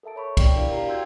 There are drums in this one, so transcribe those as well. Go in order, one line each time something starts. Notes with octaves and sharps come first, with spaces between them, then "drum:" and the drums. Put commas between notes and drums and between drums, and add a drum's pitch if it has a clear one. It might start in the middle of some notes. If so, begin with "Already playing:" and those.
A4 A#4 E5 A5 D7
C#5 B5 C#6
B3 D4 D5 G5, drum: kick, cymbal
D4 E4 G4 A#4 D5 F5
G4 F5 A#5 C7
F#4 G5 C6 E6 G6 G#6